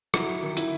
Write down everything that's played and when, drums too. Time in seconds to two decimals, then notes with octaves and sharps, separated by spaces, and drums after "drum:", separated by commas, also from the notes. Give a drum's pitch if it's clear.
0.14 F#3 E4, drum: rim click
0.42 D#3
0.57 E4, drum: hi-hat